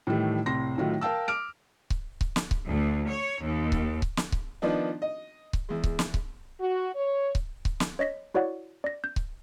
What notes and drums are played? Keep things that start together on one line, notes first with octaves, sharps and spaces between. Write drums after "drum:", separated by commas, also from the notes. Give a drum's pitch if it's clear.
A2 D#3 E3 G3 A3
C2 A2 C6 A#6
A2 D#3 F#3 A3 F4
A#4 F5 G5 A5 E6
D6 F6 D7
drum: kick C#1
drum: kick C#1
drum: snare
drum: kick C#1
D2
C#5
D#2
drum: kick C#1
drum: kick C#1
drum: snare
drum: kick C#1
D#3 F3 B3 D4 D#4
D#5
drum: kick C#1
E2 G#3
drum: kick C#1
drum: snare
drum: kick C#1
F#4
C#5
drum: kick C#1
drum: kick C#1
drum: snare
C#5 D#5 A#6 B6
E4 F#4 C#5 D5 F#5
D5 A#6
G6
drum: kick C#1